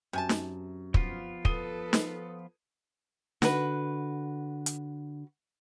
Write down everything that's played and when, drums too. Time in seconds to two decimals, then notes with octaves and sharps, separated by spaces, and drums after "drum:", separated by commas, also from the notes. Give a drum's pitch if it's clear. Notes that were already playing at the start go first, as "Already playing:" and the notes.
0.13 F#2 C3 G#5 A5
0.29 drum: snare
0.94 F3 B3 F4, drum: kick
1.45 A4 B4 D#6 D#7 G7, drum: kick
1.93 drum: snare
3.42 D3 F#4 B4, drum: snare
4.66 drum: hi-hat